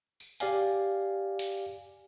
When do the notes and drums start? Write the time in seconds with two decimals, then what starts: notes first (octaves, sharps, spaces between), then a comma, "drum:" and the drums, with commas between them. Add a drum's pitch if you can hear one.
0.20 drum: tambourine
0.40 G4 D5 F5 G#5, drum: hi-hat
1.39 drum: hi-hat